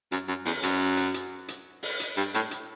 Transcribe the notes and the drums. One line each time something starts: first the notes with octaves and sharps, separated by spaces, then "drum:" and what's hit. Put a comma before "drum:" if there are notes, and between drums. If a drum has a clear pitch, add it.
F#2, drum: hi-hat
F#2
E2, drum: open hi-hat
F#2, drum: hi-hat
drum: hi-hat
drum: hi-hat
drum: hi-hat
drum: open hi-hat
drum: hi-hat
G2
A2, drum: hi-hat
drum: hi-hat